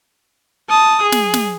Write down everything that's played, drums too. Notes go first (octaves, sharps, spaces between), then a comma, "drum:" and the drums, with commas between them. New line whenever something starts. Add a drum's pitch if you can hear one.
A5 D#6
G#4
drum: snare
drum: snare